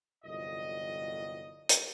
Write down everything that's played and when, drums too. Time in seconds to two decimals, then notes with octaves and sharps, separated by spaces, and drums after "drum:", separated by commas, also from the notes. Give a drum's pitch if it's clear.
0.25 G1 C2 F2 F#3 D#5
1.69 drum: hi-hat